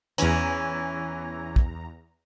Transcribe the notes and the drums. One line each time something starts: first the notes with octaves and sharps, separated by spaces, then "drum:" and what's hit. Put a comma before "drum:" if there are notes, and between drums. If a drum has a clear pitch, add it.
E2 E3 C#4 A#5, drum: hi-hat
drum: kick